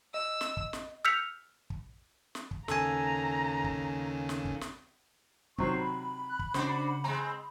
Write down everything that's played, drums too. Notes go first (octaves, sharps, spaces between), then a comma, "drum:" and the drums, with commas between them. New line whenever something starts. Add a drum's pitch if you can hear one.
D#5 E6
drum: snare
drum: kick
drum: snare
E6 F6 G6 B6 C#7 F7
drum: kick
drum: snare
drum: kick
D#2 C#3 A4 G#5 A#5, drum: snare
drum: kick
drum: snare
drum: kick
drum: snare
C3 D#3 F#3 C5 C#6, drum: kick
B5
F#6
drum: kick
C#3 C#4 D4 F#4 C5, drum: snare
G#3 C4 A#5